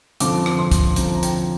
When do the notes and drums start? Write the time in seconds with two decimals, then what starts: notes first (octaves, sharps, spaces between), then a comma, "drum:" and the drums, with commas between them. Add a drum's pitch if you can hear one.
0.20 F2 D3 F3 D6, drum: hi-hat
0.46 drum: rim click
0.59 C6
0.72 drum: kick, hi-hat
0.96 F2 D3 F3 A#5, drum: hi-hat
1.15 A#5
1.23 G5, drum: hi-hat